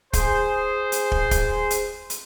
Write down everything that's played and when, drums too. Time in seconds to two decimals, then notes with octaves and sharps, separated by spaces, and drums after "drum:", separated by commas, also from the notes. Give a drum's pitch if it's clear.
0.13 G#4 C5, drum: kick, hi-hat
0.92 drum: hi-hat
1.12 drum: kick
1.31 drum: kick, hi-hat
1.70 drum: hi-hat
2.10 drum: hi-hat